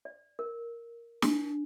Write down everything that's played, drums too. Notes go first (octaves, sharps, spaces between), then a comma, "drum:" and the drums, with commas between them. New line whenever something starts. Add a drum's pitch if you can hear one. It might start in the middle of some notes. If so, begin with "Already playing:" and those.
D5
A#4
D4, drum: snare